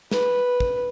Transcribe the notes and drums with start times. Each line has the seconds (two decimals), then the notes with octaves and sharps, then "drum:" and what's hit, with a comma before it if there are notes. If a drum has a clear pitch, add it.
0.11 B4, drum: snare
0.60 drum: kick